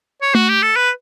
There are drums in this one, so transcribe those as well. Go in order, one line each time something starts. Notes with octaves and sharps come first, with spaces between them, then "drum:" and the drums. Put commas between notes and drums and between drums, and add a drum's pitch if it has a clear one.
C#5
F#4, drum: tom A3
G4
A4
B4